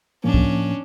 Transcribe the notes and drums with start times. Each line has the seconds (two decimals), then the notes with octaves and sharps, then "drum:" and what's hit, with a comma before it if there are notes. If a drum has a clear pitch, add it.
0.24 A2 F3 A#3 C#4 D4
0.34 drum: kick